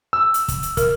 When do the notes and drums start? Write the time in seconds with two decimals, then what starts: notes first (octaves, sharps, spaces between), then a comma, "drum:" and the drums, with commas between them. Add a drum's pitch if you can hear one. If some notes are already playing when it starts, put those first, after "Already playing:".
0.13 E6
0.34 drum: hi-hat
0.48 drum: kick, hi-hat
0.63 drum: hi-hat
0.77 A#4, drum: kick, hi-hat